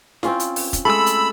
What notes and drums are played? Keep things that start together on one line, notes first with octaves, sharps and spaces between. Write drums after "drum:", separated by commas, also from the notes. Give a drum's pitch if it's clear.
C4 C#4 F4, drum: snare E4
drum: hi-hat
drum: open hi-hat
drum: kick F1, hi-hat
G#3 A3 A4 B5 E6
drum: hi-hat